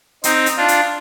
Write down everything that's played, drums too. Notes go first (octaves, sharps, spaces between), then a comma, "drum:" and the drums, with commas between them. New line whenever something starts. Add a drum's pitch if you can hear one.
C4 D#4, drum: hi-hat
drum: hi-hat
D4 F4
drum: hi-hat